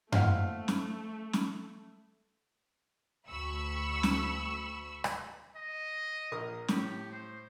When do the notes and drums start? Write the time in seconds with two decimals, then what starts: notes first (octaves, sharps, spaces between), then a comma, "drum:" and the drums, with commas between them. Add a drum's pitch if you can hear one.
0.12 A3 A#3 C4 E4 D#5 F5 F#5, drum: tom F#2
0.68 drum: snare
1.33 drum: snare
3.28 D2 B5 C#6 E6
4.03 drum: snare
5.04 drum: rim click
5.56 D#5
6.31 A#1 A#4 D#6
6.68 A2 G4, drum: snare
7.11 C5